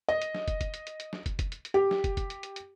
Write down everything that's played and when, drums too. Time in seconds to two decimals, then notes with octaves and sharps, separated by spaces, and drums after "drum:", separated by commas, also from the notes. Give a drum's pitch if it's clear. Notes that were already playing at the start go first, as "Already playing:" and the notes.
0.08 D#5
0.22 drum: hi-hat
0.35 drum: snare
0.48 drum: kick, hi-hat
0.61 drum: kick, hi-hat
0.74 drum: hi-hat
0.87 drum: hi-hat
1.00 drum: hi-hat
1.13 drum: snare
1.26 drum: kick, hi-hat
1.39 drum: kick, hi-hat
1.52 drum: hi-hat
1.65 drum: hi-hat
1.74 G4
1.91 drum: snare
2.04 drum: kick, hi-hat
2.17 drum: kick, hi-hat
2.30 drum: hi-hat
2.43 drum: hi-hat
2.56 drum: hi-hat